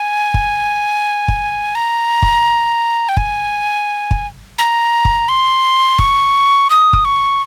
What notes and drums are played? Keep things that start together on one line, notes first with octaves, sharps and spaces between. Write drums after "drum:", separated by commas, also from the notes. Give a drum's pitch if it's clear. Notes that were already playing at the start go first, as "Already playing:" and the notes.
Already playing: G#5
drum: kick
drum: kick
A#5
drum: kick
G5
G#5, drum: kick
drum: kick
A#5
drum: kick
C6
C#6, drum: kick
D#6
drum: kick
C#6